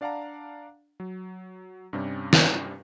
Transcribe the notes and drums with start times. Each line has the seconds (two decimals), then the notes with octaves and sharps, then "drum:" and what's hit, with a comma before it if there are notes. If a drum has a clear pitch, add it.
0.01 D4 D5 F5 F#5 A5 A#5
1.00 F#3
1.93 G2 C3 G3 C#4 G4
2.33 drum: snare